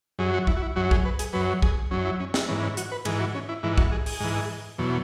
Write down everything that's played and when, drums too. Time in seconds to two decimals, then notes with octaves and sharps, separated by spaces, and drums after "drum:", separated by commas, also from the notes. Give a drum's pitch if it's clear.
0.19 F#2 F#3 G#4
0.34 F#4
0.47 E4, drum: kick
0.56 F#4
0.62 E4
0.76 F#2 F#3 F#4
0.91 G#4, drum: kick
1.05 B4
1.19 G#4, drum: hi-hat
1.33 F#2 F#3 B4
1.62 G#4, drum: kick
1.91 F#2 F#3 C#4
2.05 E4
2.20 C#4
2.34 E4, drum: snare
2.48 G#2 E3 C#4
2.63 C#4
2.77 F#4, drum: hi-hat
2.92 B4
3.05 G#2 E3 G#4, drum: cymbal
3.20 F#4
3.35 C#4
3.49 E4
3.63 G#2 E3 E4
3.78 F#4, drum: kick
3.92 G#4
4.06 G#4, drum: open hi-hat
4.20 G#2 E3
4.78 E2 B2 F#3